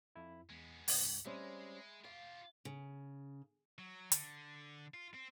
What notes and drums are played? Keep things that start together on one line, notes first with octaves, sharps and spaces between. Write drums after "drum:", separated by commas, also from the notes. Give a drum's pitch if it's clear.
F2 E4
E2 G#3 B3
C2 G2, drum: open hi-hat
G3 G#3 C4 C#4 E5 B5 C6
F4 G4 F5
C#3
F#3
D3, drum: hi-hat
F4
C4